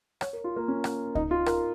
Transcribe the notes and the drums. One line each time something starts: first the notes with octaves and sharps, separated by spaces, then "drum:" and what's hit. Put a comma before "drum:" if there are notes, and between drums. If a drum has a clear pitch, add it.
C#5, drum: rim click
A#4
F4
A#3
C#4
drum: rim click
D#4, drum: kick C#2
F4
A#4, drum: rim click